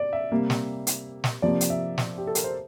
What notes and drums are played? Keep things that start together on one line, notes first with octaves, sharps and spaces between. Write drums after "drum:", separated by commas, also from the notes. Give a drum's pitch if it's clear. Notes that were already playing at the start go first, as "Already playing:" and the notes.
Already playing: D5
E5
C3 G3 A#3
drum: snare
drum: hi-hat
drum: snare
C3 F3 A#3 D5
drum: hi-hat
E5
drum: snare
G4
A4
A#4, drum: hi-hat
C5